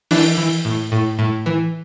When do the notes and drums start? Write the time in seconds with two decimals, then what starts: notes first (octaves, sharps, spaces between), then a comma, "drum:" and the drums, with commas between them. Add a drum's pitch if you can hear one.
0.11 E3 D4, drum: open hi-hat
0.38 E3
0.65 A2
0.92 A2
1.19 A2
1.46 E3